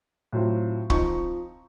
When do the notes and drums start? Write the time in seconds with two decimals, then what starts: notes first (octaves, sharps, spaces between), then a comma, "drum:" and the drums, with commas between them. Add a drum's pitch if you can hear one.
0.33 A2 F#3 C4 F4
0.90 F3 C4 D#4 C#6, drum: kick C#1